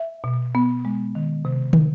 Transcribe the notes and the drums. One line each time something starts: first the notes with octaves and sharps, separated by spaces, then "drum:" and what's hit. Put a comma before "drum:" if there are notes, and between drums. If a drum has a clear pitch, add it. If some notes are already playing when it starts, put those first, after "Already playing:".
Already playing: E5
B2
B3
G#3
D#3
C3
drum: tom